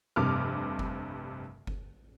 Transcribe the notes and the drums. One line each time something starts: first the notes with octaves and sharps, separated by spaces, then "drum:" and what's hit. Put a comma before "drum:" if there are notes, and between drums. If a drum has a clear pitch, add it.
F1 G2 C3 D6 F6
drum: kick F#1
drum: kick F#1